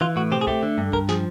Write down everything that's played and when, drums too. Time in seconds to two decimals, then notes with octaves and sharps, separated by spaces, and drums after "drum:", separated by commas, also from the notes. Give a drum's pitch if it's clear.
0.01 E3 F4
0.16 A2 F#4
0.32 C4 G4, drum: tom B2
0.41 G#4
0.47 A3 G4, drum: kick C2
0.63 D3
0.78 G2
0.93 G2 A#4, drum: kick C2
1.09 F3 G#4, drum: snare